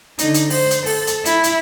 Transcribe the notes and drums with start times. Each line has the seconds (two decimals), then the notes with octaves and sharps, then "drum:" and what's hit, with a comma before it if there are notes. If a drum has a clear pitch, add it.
0.19 D3 D#4, drum: hi-hat
0.34 drum: hi-hat
0.50 C5, drum: open hi-hat
0.71 drum: hi-hat
0.86 A4, drum: open hi-hat
1.07 drum: hi-hat
1.26 E4, drum: hi-hat
1.44 drum: hi-hat